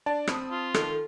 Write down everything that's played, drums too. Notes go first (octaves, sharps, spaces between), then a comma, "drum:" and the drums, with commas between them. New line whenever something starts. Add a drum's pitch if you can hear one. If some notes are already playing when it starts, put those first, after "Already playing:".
D4 D5 A5
C4 B5 D#6, drum: rim click
F4
D#3 A4, drum: rim click